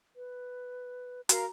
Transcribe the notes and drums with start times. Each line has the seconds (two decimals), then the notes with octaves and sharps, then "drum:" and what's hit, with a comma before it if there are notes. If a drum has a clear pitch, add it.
0.16 B4
1.29 F#4 A#4 F5 A#5, drum: hi-hat